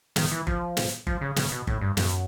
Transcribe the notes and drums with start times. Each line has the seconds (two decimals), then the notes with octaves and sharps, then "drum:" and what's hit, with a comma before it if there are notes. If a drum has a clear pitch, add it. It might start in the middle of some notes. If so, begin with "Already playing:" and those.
0.16 D#3, drum: snare
0.31 E3
0.47 F3, drum: kick G1
0.77 drum: snare
1.07 F3, drum: kick G1
1.21 C#3
1.36 C#3, drum: snare
1.52 B2
1.67 A2, drum: kick G1
1.81 G2
1.97 F#2, drum: snare